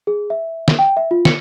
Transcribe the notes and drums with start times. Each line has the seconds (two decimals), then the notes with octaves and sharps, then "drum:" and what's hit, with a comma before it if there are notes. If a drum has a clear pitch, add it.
0.07 G#4
0.30 E5
0.68 drum: snare
0.79 G5
0.97 E5
1.11 F4
1.25 C#7, drum: snare